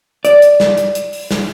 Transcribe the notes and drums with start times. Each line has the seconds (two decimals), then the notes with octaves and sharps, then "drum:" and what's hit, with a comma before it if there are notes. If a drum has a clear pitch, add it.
0.25 D5, drum: hi-hat
0.42 drum: hi-hat
0.60 drum: snare
0.78 drum: hi-hat
0.95 drum: hi-hat
1.13 drum: open hi-hat
1.31 drum: snare